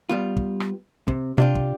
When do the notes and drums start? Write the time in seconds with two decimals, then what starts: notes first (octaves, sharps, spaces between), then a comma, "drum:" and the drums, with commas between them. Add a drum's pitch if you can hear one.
0.09 G3 B3 F4
0.37 drum: kick
0.60 drum: rim click
1.08 C3, drum: kick
1.38 C3 D4 F4 G4
1.55 drum: kick